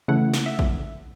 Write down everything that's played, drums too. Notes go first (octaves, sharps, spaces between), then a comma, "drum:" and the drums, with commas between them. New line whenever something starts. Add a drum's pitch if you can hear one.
C#3 E3 A3 E4 F#5
drum: snare
E5
drum: kick A1